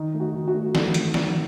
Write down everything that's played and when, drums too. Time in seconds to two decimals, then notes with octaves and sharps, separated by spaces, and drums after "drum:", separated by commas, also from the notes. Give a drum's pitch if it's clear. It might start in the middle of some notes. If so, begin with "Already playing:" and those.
Already playing: D#3 D#4
0.14 A3
0.20 F#4
0.34 D#3
0.48 F#4
0.55 A3
0.75 D#3 A4, drum: snare
0.94 A3, drum: hi-hat
1.14 D#3, drum: snare